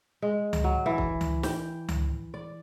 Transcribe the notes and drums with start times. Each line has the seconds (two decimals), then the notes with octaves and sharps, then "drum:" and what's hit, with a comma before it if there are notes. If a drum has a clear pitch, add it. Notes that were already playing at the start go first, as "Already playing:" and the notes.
0.22 G#3
0.53 drum: tom C#2
0.64 F#3
0.86 E3
0.98 drum: kick
1.21 drum: tom C#2
1.43 G5, drum: snare
1.89 drum: tom C#2
2.34 D5